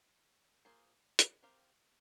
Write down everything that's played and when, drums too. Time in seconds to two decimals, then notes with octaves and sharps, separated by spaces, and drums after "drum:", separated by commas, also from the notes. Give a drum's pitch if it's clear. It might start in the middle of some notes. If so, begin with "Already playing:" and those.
0.65 A#3 F4 G#4 C5
1.19 drum: hi-hat
1.43 C4 G4 A#4 F5